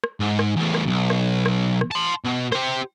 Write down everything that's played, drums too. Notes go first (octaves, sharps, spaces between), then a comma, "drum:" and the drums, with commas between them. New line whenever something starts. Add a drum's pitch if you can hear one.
drum: rim click
G#2
drum: rim click
E2 A2
drum: rim click
B1
drum: rim click
drum: rim click
drum: rim click
A5 C6
B2
G4 C5, drum: rim click